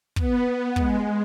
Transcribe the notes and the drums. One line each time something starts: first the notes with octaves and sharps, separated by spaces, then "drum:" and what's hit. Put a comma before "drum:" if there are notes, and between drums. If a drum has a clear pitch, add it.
B3, drum: kick
B3
G#3, drum: kick